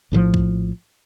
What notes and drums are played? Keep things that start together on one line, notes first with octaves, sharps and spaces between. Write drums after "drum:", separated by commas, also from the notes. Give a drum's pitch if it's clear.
A#1 A2 C3 F3
drum: kick